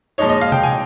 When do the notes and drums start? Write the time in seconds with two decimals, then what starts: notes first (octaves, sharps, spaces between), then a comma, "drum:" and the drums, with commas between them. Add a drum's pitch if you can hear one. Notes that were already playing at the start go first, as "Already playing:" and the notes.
0.18 A#2 F3 G#3 D#4 C#5
0.29 D#5
0.41 F5
0.52 G5, drum: tom C3
0.63 G#5